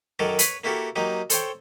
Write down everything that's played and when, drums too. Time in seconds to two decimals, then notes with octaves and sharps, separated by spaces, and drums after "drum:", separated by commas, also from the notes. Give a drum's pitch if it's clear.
0.19 F#2 D#3 F#3 A4 A#4 D6
0.39 B4 C#5 B5, drum: hi-hat
0.64 A#3 E4 F#4 G4 A4 A#4
0.96 F#3 A#3 D#4 G4
1.30 A4 C5 C#5 G5, drum: hi-hat